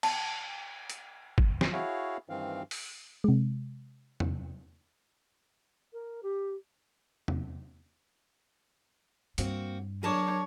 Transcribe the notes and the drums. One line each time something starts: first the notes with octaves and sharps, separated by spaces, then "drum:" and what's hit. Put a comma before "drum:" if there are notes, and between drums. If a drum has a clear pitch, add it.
A5, drum: cymbal
drum: hi-hat
drum: kick
drum: snare
E4 F#4 G#4 C#5 F5
G2 D#3 E3 C4 F5
drum: open hi-hat
C3 G#3
drum: tom
A#4
G4
drum: tom
G2 A#3 C4 F#4, drum: hi-hat
F#3 D4 G#4 A#4 C#5 A5 D6